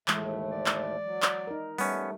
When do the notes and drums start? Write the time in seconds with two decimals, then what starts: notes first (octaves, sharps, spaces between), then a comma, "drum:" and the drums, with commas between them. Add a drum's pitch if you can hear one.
0.08 D#2 A2 E3 G#3 A3, drum: clap
0.52 D5
0.66 drum: clap
1.02 F#3
1.22 drum: clap
1.47 D#4 A#4
1.78 G3 A3 B3 C#4, drum: open hi-hat